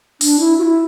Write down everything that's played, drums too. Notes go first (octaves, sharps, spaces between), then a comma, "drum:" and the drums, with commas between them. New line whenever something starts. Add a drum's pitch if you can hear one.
D4, drum: open hi-hat
E4
F#4
E4